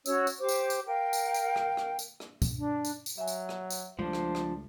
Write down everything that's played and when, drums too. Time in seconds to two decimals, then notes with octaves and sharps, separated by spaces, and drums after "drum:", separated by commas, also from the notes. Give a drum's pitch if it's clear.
0.06 C#4 F#4 C#5 E6, drum: tambourine
0.27 drum: tambourine
0.39 G4 C5 D6
0.49 drum: tambourine
0.70 drum: tambourine
0.86 A#4 F5 G5
1.13 drum: tambourine
1.34 drum: tambourine
1.56 drum: rim click
1.77 drum: rim click
1.99 drum: tambourine
2.20 drum: rim click
2.42 drum: kick, tambourine
2.57 D4
2.85 drum: tambourine
3.06 drum: tambourine
3.18 F#3 E5 G#5
3.28 drum: tambourine
3.49 drum: rim click
3.70 drum: tambourine
3.99 C#2 F3 G3 A3 D4 C5
4.13 drum: rim click
4.35 drum: rim click